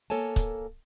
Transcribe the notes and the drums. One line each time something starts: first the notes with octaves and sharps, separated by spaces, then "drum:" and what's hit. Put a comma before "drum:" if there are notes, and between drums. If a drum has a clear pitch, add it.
A#3 A4 C#5 G#5 A5
drum: kick, hi-hat